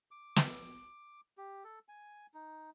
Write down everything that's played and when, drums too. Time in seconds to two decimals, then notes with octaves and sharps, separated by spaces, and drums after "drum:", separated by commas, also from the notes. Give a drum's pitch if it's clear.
0.11 D6
0.36 drum: snare
1.38 G4
1.64 A4
1.88 G#5
2.34 D#4